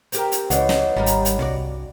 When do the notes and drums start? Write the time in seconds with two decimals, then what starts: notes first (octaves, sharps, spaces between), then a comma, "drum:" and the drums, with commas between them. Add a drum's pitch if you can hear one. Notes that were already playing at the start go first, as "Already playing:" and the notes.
0.12 C4 G4 A#4, drum: hi-hat
0.32 drum: hi-hat
0.50 C#2 E3 C#5 D#5 F#5, drum: hi-hat
0.69 drum: snare
0.97 G#1 G3 D#4 A#4
1.06 drum: hi-hat
1.25 drum: hi-hat
1.39 C2 G2 F#4 D5